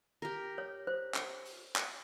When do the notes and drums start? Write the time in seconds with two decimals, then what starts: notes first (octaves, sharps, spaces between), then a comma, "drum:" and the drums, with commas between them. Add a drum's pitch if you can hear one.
0.22 G4 A#4
0.58 C#5
0.87 C5
1.14 drum: clap
1.45 drum: open hi-hat
1.76 drum: clap